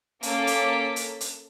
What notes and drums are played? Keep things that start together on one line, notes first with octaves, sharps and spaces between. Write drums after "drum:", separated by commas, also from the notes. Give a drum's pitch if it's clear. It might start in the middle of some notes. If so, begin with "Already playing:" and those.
A#3 C#4 A4 D6 B6, drum: hi-hat
drum: hi-hat
drum: hi-hat
drum: hi-hat